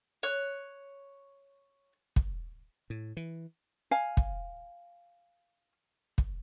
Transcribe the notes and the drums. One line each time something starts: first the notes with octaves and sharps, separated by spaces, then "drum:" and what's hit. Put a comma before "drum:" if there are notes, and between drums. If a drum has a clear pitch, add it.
C#5 F#6
drum: kick
A2
E3
F5 G#5
drum: kick
drum: kick